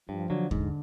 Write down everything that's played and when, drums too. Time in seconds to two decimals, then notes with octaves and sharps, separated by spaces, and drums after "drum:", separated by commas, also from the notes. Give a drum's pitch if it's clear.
0.09 G2 F3
0.30 D3 F#3
0.51 G#2 D3, drum: kick D#2